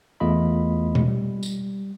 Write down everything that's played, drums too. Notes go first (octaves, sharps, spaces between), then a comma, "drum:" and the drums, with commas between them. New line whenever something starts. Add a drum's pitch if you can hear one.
E2 A3 F4 D#5 B5
drum: tom B2
G3
drum: tambourine